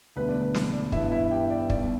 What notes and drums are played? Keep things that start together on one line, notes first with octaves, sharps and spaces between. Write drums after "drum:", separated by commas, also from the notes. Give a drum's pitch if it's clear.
E1 D2 D3 G3 B3 B4
D5
B4
drum: snare
D5
G2 E3 B3 E4 E5, drum: kick
E4 E5
G4 G5
D5
B1 B2 G3 D5, drum: kick